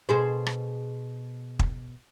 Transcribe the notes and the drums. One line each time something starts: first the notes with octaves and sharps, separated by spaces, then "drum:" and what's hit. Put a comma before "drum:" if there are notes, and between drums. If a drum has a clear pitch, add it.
B2 G#4 C5
drum: rim click
drum: kick